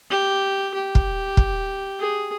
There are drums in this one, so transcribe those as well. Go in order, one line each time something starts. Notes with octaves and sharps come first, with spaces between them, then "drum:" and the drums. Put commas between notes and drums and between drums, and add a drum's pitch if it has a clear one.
G4
G4
drum: kick
drum: kick
G#4